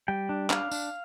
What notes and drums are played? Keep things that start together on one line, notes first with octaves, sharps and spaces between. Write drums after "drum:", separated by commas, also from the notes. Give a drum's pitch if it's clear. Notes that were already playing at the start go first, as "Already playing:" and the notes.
G3 G5
D4
D4 F5, drum: clap
D4, drum: tambourine